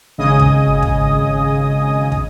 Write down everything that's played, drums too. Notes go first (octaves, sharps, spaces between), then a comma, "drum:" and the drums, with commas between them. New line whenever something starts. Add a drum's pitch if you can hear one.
G#1 C#3 D#5 G#5 D#6
drum: kick
drum: kick
drum: kick